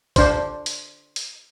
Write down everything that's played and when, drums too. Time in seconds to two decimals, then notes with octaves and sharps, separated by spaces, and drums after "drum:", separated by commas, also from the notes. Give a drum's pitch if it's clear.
0.16 D4 C5, drum: kick, hi-hat
0.66 drum: hi-hat
1.16 drum: hi-hat